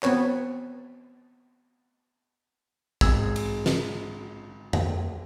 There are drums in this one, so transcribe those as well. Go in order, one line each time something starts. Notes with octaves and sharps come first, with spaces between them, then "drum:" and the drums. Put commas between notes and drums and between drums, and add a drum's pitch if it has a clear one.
B3 C4 B4 C#5, drum: clap
G#1 G#3 G#4 E6 G#6, drum: kick
drum: cymbal
drum: snare
drum: tom F2